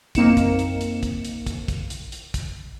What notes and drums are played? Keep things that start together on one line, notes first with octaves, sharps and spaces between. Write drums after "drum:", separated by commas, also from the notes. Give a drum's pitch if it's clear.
F#2 A#3 C4 D#4 C#7 E7, drum: kick, hi-hat
drum: kick, hi-hat
drum: hi-hat
drum: hi-hat
drum: kick, hi-hat
drum: hi-hat
drum: kick, hi-hat
drum: kick, hi-hat
drum: hi-hat
drum: hi-hat
drum: kick, hi-hat